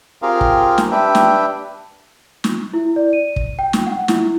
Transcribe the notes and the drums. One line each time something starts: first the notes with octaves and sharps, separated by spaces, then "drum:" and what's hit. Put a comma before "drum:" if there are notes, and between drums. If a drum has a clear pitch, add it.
C4 F4 G4 G#4 A#4 F5
drum: kick
drum: snare
D4 G4 B4 E5 G5
drum: snare
drum: snare
E4
D5
D#7
drum: kick
G5
drum: snare
F#5
E4, drum: snare